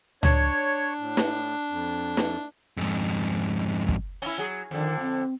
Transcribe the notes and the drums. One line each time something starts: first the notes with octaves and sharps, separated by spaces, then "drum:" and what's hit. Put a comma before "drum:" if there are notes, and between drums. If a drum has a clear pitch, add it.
D4 C#5, drum: tom C#2
A2
drum: snare
F2
drum: snare
F2 G#2
drum: kick
C#4 E4, drum: open hi-hat
F#3 G#4
F2 D3 D#3
C4